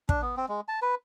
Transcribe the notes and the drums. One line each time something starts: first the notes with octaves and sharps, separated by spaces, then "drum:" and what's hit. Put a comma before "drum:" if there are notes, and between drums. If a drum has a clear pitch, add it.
D4, drum: kick
B3
C4
G#3
A5
B4